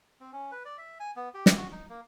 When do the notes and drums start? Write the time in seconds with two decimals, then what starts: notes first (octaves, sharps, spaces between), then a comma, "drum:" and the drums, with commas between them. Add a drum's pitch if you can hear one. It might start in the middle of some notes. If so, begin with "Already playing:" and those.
0.21 C4
0.33 C#4
0.51 B4
0.65 D5
0.78 E5
1.00 G#5
1.16 B3
1.34 G4
1.46 drum: snare
1.57 F#4
1.72 D#4
1.90 A#3